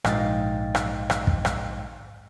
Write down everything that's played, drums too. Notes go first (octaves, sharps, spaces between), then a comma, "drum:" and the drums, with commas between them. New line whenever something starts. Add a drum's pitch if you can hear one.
A#1 G#2 D#5 F5 G5 A6, drum: rim click
drum: rim click
drum: rim click
drum: kick
drum: rim click